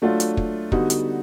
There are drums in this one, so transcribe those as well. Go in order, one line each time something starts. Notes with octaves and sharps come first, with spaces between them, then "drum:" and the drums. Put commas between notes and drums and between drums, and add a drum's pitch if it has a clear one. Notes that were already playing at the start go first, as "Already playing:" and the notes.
F#3 A3 D4 F4
drum: hi-hat
drum: kick
D3 G3 B3 D#4 F#4, drum: kick
drum: hi-hat